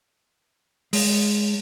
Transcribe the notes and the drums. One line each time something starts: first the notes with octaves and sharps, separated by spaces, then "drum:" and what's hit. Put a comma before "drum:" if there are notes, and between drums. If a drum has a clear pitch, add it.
G#3, drum: open hi-hat